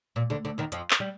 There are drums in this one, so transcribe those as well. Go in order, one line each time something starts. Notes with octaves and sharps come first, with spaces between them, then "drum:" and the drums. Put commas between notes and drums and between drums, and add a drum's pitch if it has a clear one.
A#2
D2 D3
D2 D3
D#2 D#3
F2 F3, drum: hi-hat
drum: clap
G3